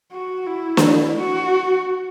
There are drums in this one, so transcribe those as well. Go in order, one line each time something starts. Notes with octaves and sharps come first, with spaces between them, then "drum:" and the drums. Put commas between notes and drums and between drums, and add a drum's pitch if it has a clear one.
F#4
E4
drum: snare
F#4